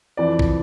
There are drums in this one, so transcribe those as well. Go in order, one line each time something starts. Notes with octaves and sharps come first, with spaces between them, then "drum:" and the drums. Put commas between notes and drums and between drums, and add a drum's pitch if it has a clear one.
F2 E3 D5
drum: kick